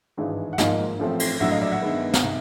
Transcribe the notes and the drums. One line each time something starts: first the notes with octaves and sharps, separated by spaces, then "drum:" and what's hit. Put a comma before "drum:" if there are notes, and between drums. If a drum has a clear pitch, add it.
G#1 G2 E3 G#3
F#5
G#1 G#2 F3 A#3 D#5 F5, drum: snare
A1 A2 F3 A3 C4
drum: cymbal
A#1 A2 F#3 E5 F#5
D#5 F5
D5 E5
E5 F#5
G2 D#3 G#3 B3
drum: snare
C3 D#3